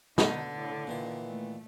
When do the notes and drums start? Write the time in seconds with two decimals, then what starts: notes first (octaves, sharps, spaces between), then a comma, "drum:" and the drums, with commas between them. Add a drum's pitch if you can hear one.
0.18 B2 D3 D#4 B4 B5, drum: snare
0.53 A2
0.87 A#2 D#3 E3 C6
1.25 A3